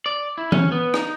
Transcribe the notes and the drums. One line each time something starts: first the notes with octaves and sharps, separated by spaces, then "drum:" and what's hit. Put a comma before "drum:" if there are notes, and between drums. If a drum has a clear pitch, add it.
D5
E4
C#4, drum: tom E3
B3
D#4, drum: rim click